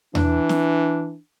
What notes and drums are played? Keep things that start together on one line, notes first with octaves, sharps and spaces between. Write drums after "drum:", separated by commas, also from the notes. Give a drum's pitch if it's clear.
E3 D4, drum: tom E2
drum: snare